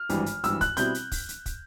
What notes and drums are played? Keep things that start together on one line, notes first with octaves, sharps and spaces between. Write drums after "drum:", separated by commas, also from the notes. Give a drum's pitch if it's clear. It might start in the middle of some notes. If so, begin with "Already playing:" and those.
Already playing: F6
G#1 G2 E3 G3, drum: hi-hat
drum: hi-hat
G#1 G2 E3 E6, drum: hi-hat
F#6, drum: kick, hi-hat
B2 G3 C4 E4 G6, drum: hi-hat
drum: hi-hat
drum: kick, open hi-hat
drum: hi-hat
drum: kick, hi-hat